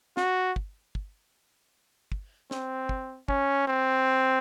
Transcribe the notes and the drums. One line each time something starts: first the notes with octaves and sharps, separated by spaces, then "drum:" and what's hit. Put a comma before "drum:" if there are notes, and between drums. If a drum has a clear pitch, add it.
F#4, drum: snare
drum: kick
drum: kick
drum: kick
C4, drum: snare
drum: kick
C#4, drum: kick
C4